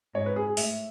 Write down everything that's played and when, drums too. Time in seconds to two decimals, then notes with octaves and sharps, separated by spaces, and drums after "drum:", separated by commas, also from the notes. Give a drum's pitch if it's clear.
0.15 G#2 C#5
0.26 B4
0.36 G#4
0.47 G#4
0.57 A2 E5, drum: open hi-hat